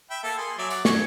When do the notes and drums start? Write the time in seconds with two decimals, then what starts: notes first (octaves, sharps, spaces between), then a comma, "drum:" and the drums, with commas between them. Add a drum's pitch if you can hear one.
0.10 E5 G5 B5
0.23 A#3 A4
0.38 G#4 C6
0.58 F#3 D5 E5
0.70 F#4 D5, drum: tambourine
0.85 G#5 C#6, drum: snare